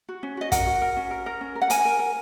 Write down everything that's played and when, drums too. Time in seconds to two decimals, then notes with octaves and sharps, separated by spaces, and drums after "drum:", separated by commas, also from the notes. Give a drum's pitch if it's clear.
0.09 F#4
0.23 C#4
0.37 F#4 D#5
0.52 A#4 F#5, drum: kick, hi-hat
0.66 F#4
0.81 A#4
0.96 C#4
1.11 A#4
1.26 A#4
1.41 C#4
1.55 A#4
1.62 F#5
1.70 A#4 G#5, drum: hi-hat
1.85 A#4
1.99 A#4